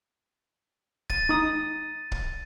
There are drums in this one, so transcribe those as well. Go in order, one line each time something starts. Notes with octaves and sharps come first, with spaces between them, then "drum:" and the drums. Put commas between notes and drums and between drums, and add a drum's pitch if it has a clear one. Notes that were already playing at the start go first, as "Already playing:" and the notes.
A6 D#7, drum: kick
D#4 D#6
drum: kick